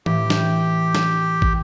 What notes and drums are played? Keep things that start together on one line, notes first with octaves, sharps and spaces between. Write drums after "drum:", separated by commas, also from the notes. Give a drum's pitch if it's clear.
A2 E3 G4 G5, drum: tom
drum: snare
drum: snare
drum: kick